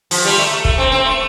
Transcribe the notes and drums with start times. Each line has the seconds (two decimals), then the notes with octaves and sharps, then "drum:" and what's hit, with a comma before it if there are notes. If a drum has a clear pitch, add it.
0.11 F3, drum: open hi-hat
0.25 G3
0.38 A3
0.51 A3
0.65 A3, drum: kick
0.78 C4
0.92 C4
1.05 A3